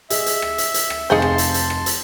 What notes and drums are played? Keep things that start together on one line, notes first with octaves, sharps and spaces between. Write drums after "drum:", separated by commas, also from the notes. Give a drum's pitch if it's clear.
G#4 D#5 E5, drum: hi-hat
drum: hi-hat
drum: rim click
drum: hi-hat
drum: hi-hat
drum: rim click
F1 D#4 G#4 C5 F5 A5 C6 G6
drum: rim click
drum: hi-hat
drum: hi-hat
drum: rim click
drum: hi-hat